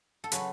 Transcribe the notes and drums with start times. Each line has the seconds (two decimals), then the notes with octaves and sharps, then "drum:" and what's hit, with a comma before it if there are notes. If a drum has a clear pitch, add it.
0.24 A4
0.32 C#3 F#3 C#4 B4, drum: hi-hat